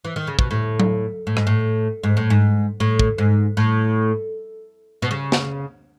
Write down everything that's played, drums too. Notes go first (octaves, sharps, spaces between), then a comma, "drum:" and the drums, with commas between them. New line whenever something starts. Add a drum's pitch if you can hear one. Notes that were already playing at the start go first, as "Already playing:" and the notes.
E3
D#3
C#3
B2, drum: kick
A2
drum: tom F#3
A2
G#2, drum: rim click
A2
G#2
A2
G#2
A2
drum: kick
G#2
A2
B2
C#3
drum: snare